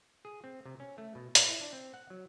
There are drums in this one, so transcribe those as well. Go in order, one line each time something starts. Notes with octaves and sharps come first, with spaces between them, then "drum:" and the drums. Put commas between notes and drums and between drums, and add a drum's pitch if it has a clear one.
G#4
C4
C3
C#4
A3
B2
A#2, drum: hi-hat
E4
D4
C4
F#5
F#3